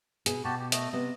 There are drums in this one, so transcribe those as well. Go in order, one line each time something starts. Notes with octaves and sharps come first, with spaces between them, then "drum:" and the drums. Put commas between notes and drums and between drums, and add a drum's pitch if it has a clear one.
B2 G#4, drum: hi-hat
B2 F#4 G4 A5
G4
A3 D#5, drum: hi-hat
C3 B3 D#5